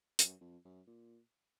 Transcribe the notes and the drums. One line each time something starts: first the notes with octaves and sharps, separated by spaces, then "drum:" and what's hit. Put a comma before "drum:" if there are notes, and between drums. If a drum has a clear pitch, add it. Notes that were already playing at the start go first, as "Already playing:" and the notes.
F#2, drum: hi-hat
F2
F#2
A#2